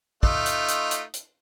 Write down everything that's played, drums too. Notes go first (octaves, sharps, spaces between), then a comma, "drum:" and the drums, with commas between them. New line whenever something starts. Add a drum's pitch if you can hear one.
A3 D#4 F4, drum: kick
drum: hi-hat
drum: hi-hat
drum: hi-hat
drum: hi-hat